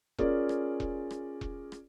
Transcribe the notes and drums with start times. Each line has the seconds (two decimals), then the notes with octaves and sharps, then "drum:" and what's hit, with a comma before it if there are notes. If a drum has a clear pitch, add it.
0.18 C#4 F4 G#4 A#4 D5, drum: kick E1
0.49 drum: rim click
0.80 drum: kick E1
1.10 drum: rim click
1.41 drum: kick E1
1.72 drum: rim click